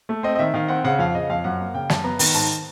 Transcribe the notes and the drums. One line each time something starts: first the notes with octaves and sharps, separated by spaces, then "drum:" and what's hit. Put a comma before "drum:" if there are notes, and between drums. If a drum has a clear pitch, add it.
A3
C4 D#5
D#5
D#3 E5
D#3 F5
C4 F#5
C#3 F#5
F2 F5
C#3 D#5
F2 F5
F#2 F#5
A#3
C#3 G5
F#2 A5, drum: snare
B3 A#5
D#3 A#5, drum: open hi-hat
G#2 A5